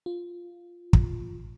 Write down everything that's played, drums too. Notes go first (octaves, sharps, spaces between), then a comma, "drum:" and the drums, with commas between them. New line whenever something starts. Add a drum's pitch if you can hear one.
F4
drum: kick